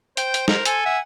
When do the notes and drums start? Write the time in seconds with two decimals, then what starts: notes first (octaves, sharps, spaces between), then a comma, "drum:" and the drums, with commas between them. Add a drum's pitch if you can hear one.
0.17 C5 G5, drum: hi-hat
0.34 drum: hi-hat
0.48 A#4, drum: snare
0.65 A4 G#5, drum: hi-hat
0.85 E5 F#5